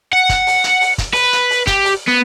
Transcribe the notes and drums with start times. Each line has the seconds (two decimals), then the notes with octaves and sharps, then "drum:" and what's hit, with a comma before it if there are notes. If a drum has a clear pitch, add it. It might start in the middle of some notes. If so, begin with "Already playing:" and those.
0.13 F#5
0.29 drum: kick, hi-hat
0.47 drum: open hi-hat
0.64 drum: hi-hat
0.81 drum: open hi-hat
0.98 drum: kick, hi-hat
1.14 B4, drum: open hi-hat
1.33 drum: hi-hat
1.50 drum: open hi-hat
1.67 G4, drum: kick, hi-hat
1.84 drum: open hi-hat
2.07 B3